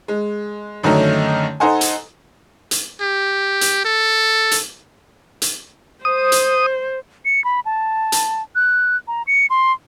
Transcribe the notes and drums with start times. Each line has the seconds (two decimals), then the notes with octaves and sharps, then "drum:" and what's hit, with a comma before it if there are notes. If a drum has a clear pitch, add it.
0.08 G#3
0.83 F#2 D3 D#3 A3 C#4 D#4
1.60 D#4 A4 C5 F#5 G#5
1.81 drum: hi-hat
2.71 drum: hi-hat
3.01 G4
3.61 drum: hi-hat
3.85 A4
4.51 drum: hi-hat
5.42 drum: hi-hat
6.05 C5 D#6
6.32 drum: hi-hat
7.25 C#7
7.45 B5
7.65 A5
8.12 drum: hi-hat
8.55 F#6
9.08 A#5
9.27 C#7
9.50 C6